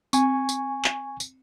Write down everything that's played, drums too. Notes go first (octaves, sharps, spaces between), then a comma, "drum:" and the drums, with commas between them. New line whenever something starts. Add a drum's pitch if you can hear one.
C4 G#5 C#6, drum: tambourine
drum: tambourine
drum: clap
drum: tambourine